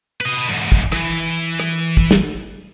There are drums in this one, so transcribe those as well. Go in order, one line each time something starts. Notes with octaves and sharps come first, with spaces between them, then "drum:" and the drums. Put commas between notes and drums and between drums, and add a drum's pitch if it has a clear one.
B4 D#5
E2 G#2
drum: kick
E3, drum: rim click
drum: rim click
drum: kick
drum: snare